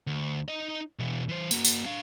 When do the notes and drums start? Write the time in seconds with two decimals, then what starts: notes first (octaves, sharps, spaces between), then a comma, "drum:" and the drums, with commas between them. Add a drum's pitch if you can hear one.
0.07 D2
0.48 D#4 D#5
0.99 B2 E3
1.29 E3 C5
1.51 A#3 F#4, drum: tambourine
1.65 drum: tambourine
1.86 D4 F5